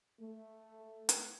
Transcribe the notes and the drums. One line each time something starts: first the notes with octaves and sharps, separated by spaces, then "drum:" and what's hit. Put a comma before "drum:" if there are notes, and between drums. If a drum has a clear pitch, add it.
A3
drum: hi-hat